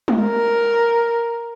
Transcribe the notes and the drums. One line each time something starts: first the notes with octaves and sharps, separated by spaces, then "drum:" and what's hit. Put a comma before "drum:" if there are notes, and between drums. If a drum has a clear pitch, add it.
drum: tom G#3
A#4